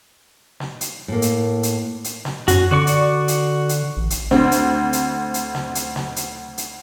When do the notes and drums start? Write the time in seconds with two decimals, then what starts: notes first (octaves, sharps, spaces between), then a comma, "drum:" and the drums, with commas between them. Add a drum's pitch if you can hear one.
0.60 drum: snare
0.81 drum: hi-hat
1.08 A2 A#3
1.22 drum: hi-hat
1.63 drum: hi-hat
2.04 drum: hi-hat
2.25 drum: snare
2.48 F#2 C#4 F#4, drum: hi-hat
2.71 D3 F#4 D5 C#6
2.87 drum: hi-hat
3.28 drum: hi-hat
3.69 drum: hi-hat
3.97 A1
4.10 drum: hi-hat
4.31 D2 C4, drum: snare
4.52 drum: hi-hat
4.93 drum: hi-hat
5.34 drum: hi-hat
5.55 drum: snare
5.75 drum: hi-hat
5.96 drum: snare
6.16 drum: hi-hat
6.58 drum: hi-hat